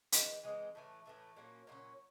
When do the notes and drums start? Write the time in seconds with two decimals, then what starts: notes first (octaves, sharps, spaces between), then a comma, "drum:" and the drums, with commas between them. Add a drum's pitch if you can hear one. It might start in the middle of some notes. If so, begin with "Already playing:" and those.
0.12 E3 G#3 C4 D#4, drum: hi-hat
0.43 E3 G#3 C4 D#4
0.75 A2 E3 A3
1.06 A2 E3 A3
1.36 A#2 F#3 A#3 C#4
1.67 A#2 F#3 A#3 C#4